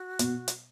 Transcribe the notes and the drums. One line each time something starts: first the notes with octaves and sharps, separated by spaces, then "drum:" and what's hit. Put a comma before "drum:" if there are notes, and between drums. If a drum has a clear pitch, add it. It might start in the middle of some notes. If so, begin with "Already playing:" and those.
Already playing: F#4
B2, drum: hi-hat
drum: hi-hat